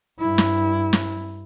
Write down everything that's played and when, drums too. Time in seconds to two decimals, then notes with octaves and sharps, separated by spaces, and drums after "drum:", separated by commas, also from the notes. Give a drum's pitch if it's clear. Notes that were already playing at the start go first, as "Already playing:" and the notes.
0.20 G2 E4
0.38 drum: snare
0.93 drum: snare